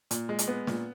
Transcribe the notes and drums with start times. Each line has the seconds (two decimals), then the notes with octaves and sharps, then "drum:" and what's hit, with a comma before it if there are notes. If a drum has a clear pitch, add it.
0.11 A#2, drum: hi-hat
0.29 G#3
0.39 drum: hi-hat
0.48 B3
0.67 A#2, drum: snare